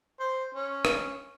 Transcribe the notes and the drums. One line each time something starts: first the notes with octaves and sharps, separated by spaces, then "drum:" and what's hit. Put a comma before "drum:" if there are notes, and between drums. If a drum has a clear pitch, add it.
C5
C#4
drum: rim click